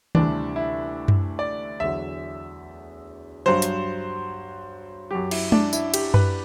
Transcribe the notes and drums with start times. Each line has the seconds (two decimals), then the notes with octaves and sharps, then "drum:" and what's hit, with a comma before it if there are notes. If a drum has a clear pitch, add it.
0.15 D2 C3 E3 G3 D4, drum: tom D#3
0.56 E4
1.08 drum: tom F#2
1.39 D5
1.80 E2 D3 F#3 E5
3.46 G2 F#3 C5
3.62 drum: hi-hat
5.11 F#2 F#3 G4
5.31 E4, drum: cymbal
5.52 D4, drum: tom G#3
5.73 E4, drum: tambourine
5.94 G4, drum: cymbal
6.14 B4, drum: tom F#2